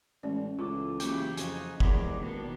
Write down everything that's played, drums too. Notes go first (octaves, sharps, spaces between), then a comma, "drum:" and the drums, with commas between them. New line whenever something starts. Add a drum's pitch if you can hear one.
A1 G#3 C#4 D5
C#2 E3 F4 A4 D6
C#3 E3 F#3 A#3 E4 G4 G5 D6, drum: hi-hat
F2 D#4 F#4 G#5, drum: hi-hat
E2 C3 D#3 F3 G#3 B4 D5, drum: kick
G#1 B2 D#3 A#3 B3 D4